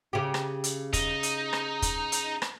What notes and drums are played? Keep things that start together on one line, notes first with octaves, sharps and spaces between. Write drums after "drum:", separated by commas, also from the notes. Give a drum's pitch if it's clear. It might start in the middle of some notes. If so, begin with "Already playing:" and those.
C#3 G4
drum: rim click
drum: hi-hat
D#4, drum: kick, hi-hat
drum: hi-hat
drum: rim click
drum: kick, hi-hat
drum: hi-hat
drum: rim click